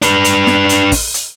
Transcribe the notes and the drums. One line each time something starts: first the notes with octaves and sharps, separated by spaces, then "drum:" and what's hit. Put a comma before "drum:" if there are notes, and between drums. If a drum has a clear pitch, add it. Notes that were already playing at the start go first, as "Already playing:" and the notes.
D4 B4, drum: hi-hat
drum: hi-hat
drum: snare
drum: hi-hat
drum: kick, open hi-hat
drum: hi-hat